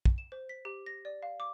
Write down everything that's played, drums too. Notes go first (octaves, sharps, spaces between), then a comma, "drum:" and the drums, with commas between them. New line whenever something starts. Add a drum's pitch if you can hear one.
drum: kick
E7
C5
B6
G4
A#6
D5
F5
D6